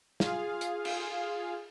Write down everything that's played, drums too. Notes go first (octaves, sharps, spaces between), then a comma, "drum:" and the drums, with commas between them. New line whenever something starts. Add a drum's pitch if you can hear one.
F4 G#4 F5, drum: snare
drum: hi-hat
drum: cymbal